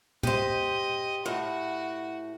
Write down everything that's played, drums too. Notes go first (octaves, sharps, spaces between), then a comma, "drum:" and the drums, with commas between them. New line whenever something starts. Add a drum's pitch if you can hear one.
G4 C5 D#5, drum: tom A#2
A2 F#4